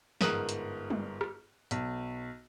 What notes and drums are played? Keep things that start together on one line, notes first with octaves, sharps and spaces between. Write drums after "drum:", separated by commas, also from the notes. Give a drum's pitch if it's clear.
G1 G#2 A#4 D#6 F#6 F#7, drum: snare
drum: hi-hat
drum: tom G3
drum: rim click
B1, drum: hi-hat